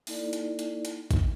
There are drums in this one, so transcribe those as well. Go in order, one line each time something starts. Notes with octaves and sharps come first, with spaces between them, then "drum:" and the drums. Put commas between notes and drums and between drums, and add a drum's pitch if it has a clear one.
A#3 D#4 E4 A4 D5, drum: open hi-hat
drum: hi-hat
drum: hi-hat
drum: hi-hat
drum: kick A1, hi-hat